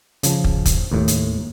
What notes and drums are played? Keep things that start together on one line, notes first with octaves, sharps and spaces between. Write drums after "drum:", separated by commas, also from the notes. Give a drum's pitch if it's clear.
C#3 F3, drum: hi-hat
drum: kick
drum: kick, hi-hat
D#2 A2
drum: hi-hat